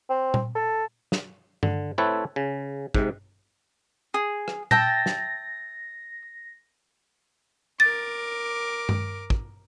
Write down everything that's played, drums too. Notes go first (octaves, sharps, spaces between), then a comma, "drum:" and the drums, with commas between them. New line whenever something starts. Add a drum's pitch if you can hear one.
C4
drum: tom A#2
A4
drum: snare
D3, drum: tom G2
A3 C4 E4 A4 B4 C#5
C#3
G#2 C3, drum: kick
G#4
drum: rim click
E5 G5 A5 A#6, drum: tom A#2
drum: snare
A#4 D6 A6
drum: tom G2
drum: kick